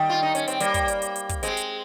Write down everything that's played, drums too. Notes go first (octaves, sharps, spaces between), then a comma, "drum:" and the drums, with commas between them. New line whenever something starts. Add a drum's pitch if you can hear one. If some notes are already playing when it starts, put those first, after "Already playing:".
Already playing: D#3 G3
F4
D#4
C#4, drum: hi-hat
C4, drum: hi-hat
G3 A#3, drum: hi-hat
drum: kick, hi-hat
drum: hi-hat
drum: hi-hat
drum: hi-hat
drum: kick, hi-hat
G#3 C4, drum: hi-hat
drum: hi-hat